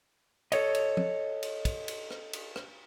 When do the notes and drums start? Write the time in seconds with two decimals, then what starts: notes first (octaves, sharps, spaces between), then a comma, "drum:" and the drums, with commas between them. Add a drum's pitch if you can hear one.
0.52 A4 C#5 D#5, drum: cymbal
0.74 drum: cymbal
0.97 drum: tom F3
1.43 drum: cymbal
1.65 drum: kick, cymbal
1.88 drum: cymbal
2.11 drum: rim click
2.33 drum: cymbal
2.56 drum: rim click